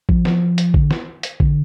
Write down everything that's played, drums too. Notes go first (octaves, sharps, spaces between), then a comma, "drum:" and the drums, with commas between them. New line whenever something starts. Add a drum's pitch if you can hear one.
F3, drum: kick
drum: snare
drum: hi-hat
D3, drum: kick
drum: snare
drum: hi-hat
D3, drum: kick